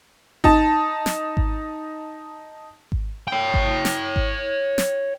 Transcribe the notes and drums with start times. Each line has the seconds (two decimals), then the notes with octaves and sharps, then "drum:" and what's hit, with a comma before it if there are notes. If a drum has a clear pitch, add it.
0.44 D#4 A5, drum: kick G#1
1.06 drum: snare
1.37 drum: kick G#1
2.92 drum: kick G#1
3.28 C#5 G5
3.54 drum: kick G#1
3.85 drum: snare
4.16 drum: kick G#1
4.78 drum: snare